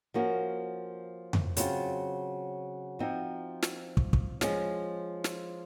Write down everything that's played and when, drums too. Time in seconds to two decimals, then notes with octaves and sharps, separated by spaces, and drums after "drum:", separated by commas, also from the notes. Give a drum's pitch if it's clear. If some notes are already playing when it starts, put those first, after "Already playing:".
0.14 F3 A#3 C#4 F#4
1.33 drum: tom F2
1.57 C#3 F#3 C4 F4, drum: hi-hat
2.99 F3 C4 D#4 F#4
3.62 drum: snare
3.97 drum: kick
4.13 drum: kick
4.41 F3 G#3 C#4, drum: snare
5.24 drum: snare